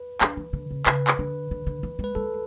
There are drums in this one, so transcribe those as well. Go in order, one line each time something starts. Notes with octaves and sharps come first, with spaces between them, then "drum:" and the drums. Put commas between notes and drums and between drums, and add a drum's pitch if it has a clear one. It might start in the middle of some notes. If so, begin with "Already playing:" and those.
Already playing: B4
D4, drum: clap
E3
D3
C#3
C#3 B4, drum: clap
drum: clap
D3
D3
D3
E3
G#3
B4
G#3 A4